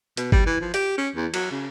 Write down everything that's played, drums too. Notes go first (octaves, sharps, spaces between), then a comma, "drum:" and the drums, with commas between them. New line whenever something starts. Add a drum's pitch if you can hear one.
B2, drum: hi-hat
G3, drum: kick G1
E3
F3
G4, drum: hi-hat
C#4
E2
F#3, drum: cymbal
C#3